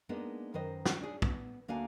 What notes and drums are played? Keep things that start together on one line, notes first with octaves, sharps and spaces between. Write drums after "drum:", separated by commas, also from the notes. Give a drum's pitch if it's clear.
G#3 A#3 B3 D4 D#4
F#2 D#3 B4 C5 D#5
drum: snare
D4 G#4
B3, drum: kick
D2 A#3 D4 F#4 F5 G#5